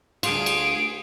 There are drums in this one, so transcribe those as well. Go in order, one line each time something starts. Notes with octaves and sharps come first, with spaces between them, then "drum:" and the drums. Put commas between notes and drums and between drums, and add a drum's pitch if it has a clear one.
D2 F4 G#4 D7, drum: cymbal
drum: cymbal